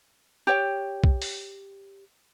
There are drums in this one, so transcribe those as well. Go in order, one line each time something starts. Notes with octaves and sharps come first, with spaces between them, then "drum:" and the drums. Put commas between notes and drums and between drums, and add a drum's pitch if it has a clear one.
G4 C#5 G5
drum: kick B1
drum: open hi-hat